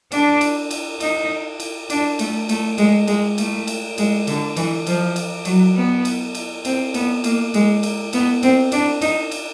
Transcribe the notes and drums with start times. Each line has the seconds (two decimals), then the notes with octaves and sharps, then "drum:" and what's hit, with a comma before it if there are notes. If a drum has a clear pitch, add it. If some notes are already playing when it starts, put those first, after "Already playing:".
0.12 D4, drum: cymbal
0.41 drum: cymbal
0.71 drum: cymbal
1.00 D#4, drum: cymbal
1.60 drum: cymbal
1.90 D4, drum: cymbal
2.19 A3, drum: cymbal
2.49 A3, drum: cymbal
2.78 G#3, drum: cymbal
3.08 G#3, drum: cymbal
3.38 A3, drum: cymbal
3.67 drum: cymbal
3.98 G#3, drum: cymbal
4.27 D3, drum: cymbal
4.56 E3, drum: cymbal
4.87 F3, drum: cymbal
5.16 drum: cymbal
5.45 F#3, drum: cymbal
5.75 B3
6.05 drum: cymbal
6.35 drum: cymbal
6.65 C4, drum: cymbal
6.94 B3, drum: cymbal
7.24 A#3, drum: cymbal
7.54 G#3, drum: cymbal
7.83 drum: cymbal
8.13 B3, drum: cymbal
8.43 C4, drum: cymbal
8.72 D4, drum: cymbal
9.02 D#4, drum: cymbal
9.31 drum: cymbal